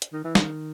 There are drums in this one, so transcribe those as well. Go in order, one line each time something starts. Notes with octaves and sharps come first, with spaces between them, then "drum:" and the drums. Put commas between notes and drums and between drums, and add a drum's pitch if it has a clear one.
drum: hi-hat
D#3
E3
D#3, drum: snare